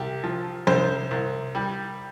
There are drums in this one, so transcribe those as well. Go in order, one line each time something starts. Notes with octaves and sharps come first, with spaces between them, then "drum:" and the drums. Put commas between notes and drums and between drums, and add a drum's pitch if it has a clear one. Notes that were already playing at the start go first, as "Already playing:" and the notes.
Already playing: C2 G4
F3
C2 C5, drum: tom
C2
G3